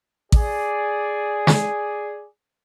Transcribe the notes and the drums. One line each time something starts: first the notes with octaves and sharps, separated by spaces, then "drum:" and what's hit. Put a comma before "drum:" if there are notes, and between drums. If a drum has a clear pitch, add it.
G#4 D5, drum: kick A1
drum: snare